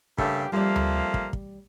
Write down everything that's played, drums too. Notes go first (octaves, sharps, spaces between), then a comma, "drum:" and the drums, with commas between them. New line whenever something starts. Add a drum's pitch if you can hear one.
G2 C#3 A3 A#3 G4, drum: kick
F2 F3 G3 A3 A#3 D5
drum: tom D2
drum: kick
drum: kick